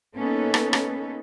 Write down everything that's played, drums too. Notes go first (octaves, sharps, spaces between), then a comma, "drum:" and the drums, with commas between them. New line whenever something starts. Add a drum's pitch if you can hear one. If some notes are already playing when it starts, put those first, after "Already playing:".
A#3 B3 C#4 D#4 A4 B4
drum: rim click
drum: rim click